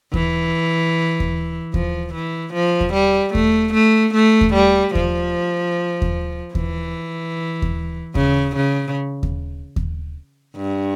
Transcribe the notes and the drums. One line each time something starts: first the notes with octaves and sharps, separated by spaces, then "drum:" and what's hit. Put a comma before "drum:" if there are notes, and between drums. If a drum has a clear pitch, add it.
E3, drum: kick D#2
drum: kick D#2
F3, drum: kick D#2
E3
F3
drum: kick D#2
G3
A3, drum: kick D#2
A3
A3
drum: kick D#2
G3
F3, drum: kick D#2
drum: kick D#2
E3, drum: kick D#2
drum: kick D#2
C#3, drum: kick D#2
C#3
drum: kick D#2
drum: kick D#2
G2